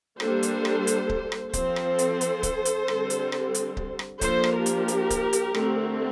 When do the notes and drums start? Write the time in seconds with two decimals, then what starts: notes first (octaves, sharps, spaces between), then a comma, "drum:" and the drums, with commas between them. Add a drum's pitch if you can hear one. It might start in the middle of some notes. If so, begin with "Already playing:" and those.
0.20 G3 A#3 D4 A4 C5, drum: rim click
0.43 drum: hi-hat
0.65 drum: rim click
0.87 drum: hi-hat
1.09 drum: kick C#1
1.32 drum: rim click
1.53 F3 C4 A4 C5, drum: kick C#1, hi-hat
1.76 drum: rim click
1.99 drum: hi-hat
2.21 drum: hi-hat
2.43 drum: kick C#1, hi-hat
2.65 drum: hi-hat
2.88 D3 G3 C4, drum: rim click
3.10 drum: hi-hat
3.32 drum: rim click
3.54 drum: hi-hat
3.77 drum: kick C#1
3.99 drum: rim click
4.21 F3 A#3 D4 A4 C5, drum: kick C#1, hi-hat
4.44 drum: rim click
4.55 G4 A#4
4.66 drum: hi-hat
4.88 drum: hi-hat
5.10 drum: kick C#1, hi-hat
5.33 drum: hi-hat
5.54 D3 A3 C4, drum: rim click